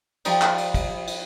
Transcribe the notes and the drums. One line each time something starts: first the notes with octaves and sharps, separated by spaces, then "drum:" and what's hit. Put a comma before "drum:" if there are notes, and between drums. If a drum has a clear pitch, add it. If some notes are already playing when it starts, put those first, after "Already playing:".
F3 G3 D#4 G5, drum: cymbal
drum: clap
drum: cymbal
drum: kick, cymbal
drum: cymbal